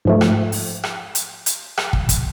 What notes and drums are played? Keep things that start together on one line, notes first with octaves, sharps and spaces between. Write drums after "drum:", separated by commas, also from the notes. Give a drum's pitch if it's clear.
G#2 F3 A3
drum: rim click
drum: open hi-hat
drum: rim click
drum: hi-hat
drum: hi-hat
drum: rim click
drum: kick
drum: kick, hi-hat